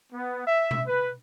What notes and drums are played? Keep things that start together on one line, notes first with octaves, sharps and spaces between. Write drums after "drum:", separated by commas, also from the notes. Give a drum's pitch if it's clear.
B3
E5
drum: tom B2
B4